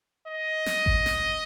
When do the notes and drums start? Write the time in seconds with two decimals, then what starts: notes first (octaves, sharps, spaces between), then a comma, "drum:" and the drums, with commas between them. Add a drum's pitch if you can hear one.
0.27 D#5
0.66 drum: snare
0.86 drum: kick G#1
1.06 drum: snare